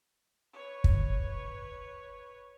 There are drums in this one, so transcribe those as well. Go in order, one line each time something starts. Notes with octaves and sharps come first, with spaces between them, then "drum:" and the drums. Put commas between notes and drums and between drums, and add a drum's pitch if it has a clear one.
B4 C#5
drum: kick